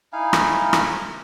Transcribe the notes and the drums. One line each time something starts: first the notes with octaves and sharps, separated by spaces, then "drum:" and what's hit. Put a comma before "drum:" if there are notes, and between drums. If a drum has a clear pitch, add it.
D#4 E4 F5 G#5
drum: rim click
drum: rim click